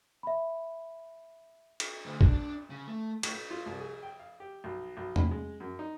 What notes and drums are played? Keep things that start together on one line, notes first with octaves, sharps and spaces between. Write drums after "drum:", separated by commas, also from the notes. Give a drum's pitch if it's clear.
E5 B5
drum: cymbal
D2
D4, drum: kick
C#3
A3
A2, drum: cymbal
F4
C2
G#4
G5
F5
G4
B1
B1
B5, drum: tom E2
G#3
F#2
D#4